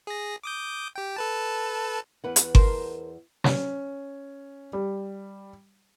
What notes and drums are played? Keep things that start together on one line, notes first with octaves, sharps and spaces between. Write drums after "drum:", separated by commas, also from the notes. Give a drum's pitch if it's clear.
G#4 A#6
D6 D#6 G6
G4 G5
A4 B4 A5
E2 B4 F#5
drum: hi-hat
A#4 C5, drum: kick G1
C#4, drum: snare
G3